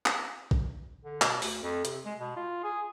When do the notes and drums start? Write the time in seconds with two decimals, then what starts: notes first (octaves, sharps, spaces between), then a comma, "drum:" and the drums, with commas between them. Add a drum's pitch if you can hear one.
0.06 drum: clap
0.51 drum: kick
1.04 D3
1.21 B2, drum: clap
1.42 D2, drum: open hi-hat
1.62 F2
1.85 C3, drum: hi-hat
2.05 G#3
2.19 B2
2.36 F4
2.64 G#4